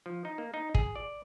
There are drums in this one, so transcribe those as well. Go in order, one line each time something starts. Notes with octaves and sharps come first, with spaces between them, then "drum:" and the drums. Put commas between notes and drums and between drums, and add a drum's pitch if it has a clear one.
F3
D#4
A#3
D#4
G#4, drum: kick
D5